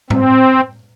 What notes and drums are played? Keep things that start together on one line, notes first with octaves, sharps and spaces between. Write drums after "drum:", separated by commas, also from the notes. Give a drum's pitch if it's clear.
C4, drum: tom A2